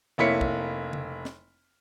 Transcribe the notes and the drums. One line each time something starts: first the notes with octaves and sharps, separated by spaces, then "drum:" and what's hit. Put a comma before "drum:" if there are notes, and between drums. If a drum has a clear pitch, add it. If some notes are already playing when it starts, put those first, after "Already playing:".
F1 A#3 E4 C#5 B6 C#7
drum: kick
drum: tom C#3
drum: snare